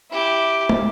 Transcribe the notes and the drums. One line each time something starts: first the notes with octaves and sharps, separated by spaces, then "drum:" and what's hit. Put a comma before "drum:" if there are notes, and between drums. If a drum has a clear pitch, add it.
E4 G4
drum: tom